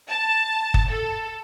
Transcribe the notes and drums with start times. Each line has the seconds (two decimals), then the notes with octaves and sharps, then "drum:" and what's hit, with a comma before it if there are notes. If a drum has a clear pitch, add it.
0.10 A5
0.74 drum: kick
0.91 A4